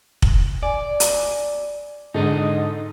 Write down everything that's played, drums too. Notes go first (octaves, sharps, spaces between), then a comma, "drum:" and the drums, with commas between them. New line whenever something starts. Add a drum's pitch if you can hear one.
drum: kick
D5 G#5
drum: hi-hat
G#2 D3 D#4 A4 D#5